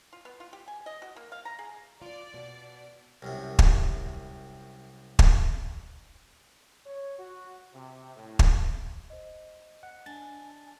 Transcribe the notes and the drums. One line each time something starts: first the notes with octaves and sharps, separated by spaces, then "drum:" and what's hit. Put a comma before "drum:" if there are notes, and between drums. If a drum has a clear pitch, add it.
F4
B3
F4
G4
G#5
D#5
F#4
A#3
F5
A#5
G#4
F4 D5
B2
C2 F#2 C3
drum: kick
drum: kick
C#5
F#4
C3
A2
drum: kick
C5 D#5
F#5
D4 G#5 A6